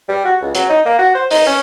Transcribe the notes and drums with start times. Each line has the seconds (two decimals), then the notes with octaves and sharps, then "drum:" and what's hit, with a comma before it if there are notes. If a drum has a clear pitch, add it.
0.08 G3
0.25 F#4
0.41 C#2
0.55 F#3, drum: hi-hat
0.69 D#4
0.86 A#3
0.98 F#4
1.15 C5
1.31 D#4, drum: open hi-hat
1.46 C#4